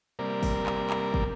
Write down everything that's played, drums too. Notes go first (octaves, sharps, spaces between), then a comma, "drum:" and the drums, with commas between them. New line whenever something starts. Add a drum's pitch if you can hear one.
C3 G3 A#3 A#4 D5
drum: kick, open hi-hat
drum: clap
drum: clap
drum: kick